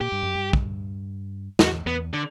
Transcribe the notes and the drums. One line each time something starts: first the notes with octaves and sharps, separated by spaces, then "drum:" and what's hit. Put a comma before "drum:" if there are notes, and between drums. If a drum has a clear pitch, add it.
A#2 G4
G2
F#2
G2
drum: kick
E2 F#4, drum: snare
E2 B3
D3